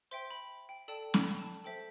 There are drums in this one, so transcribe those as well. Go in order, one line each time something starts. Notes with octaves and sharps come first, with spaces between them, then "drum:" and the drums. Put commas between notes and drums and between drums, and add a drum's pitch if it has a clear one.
C5 E5 G5 C6
B5
G5
A4 D5 G5 A5
B5, drum: snare
A5
A4 C5 E5 G5